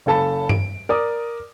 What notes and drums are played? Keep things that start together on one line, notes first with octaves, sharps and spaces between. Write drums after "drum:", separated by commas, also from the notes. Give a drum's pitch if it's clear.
F#1 C#3 A4 A5 B5
D7, drum: tom G2
A#4 D5 D6 D#6